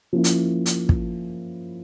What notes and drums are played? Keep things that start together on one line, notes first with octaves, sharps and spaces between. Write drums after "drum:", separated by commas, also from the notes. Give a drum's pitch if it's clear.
F3 A#3 C#4 E4
drum: hi-hat
drum: hi-hat
drum: kick